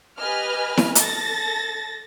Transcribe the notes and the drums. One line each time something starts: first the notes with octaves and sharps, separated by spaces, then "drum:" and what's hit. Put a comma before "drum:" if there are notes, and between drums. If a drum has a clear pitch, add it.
G4 B4 D#5 G#5 F6
drum: snare E4
A4 A6 A#6, drum: hi-hat